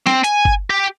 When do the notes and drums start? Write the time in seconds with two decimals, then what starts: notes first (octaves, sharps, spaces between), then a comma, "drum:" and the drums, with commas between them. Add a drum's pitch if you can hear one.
0.07 C4, drum: snare
0.24 G#5, drum: hi-hat
0.45 drum: kick G1
0.70 G4